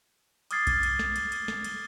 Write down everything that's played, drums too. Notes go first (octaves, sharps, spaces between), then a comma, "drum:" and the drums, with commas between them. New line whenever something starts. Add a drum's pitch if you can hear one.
D6 D#6 F6 G#6 A6 C7, drum: cymbal
drum: kick B1, cymbal
drum: cymbal
drum: snare
drum: cymbal
drum: cymbal
drum: snare
drum: cymbal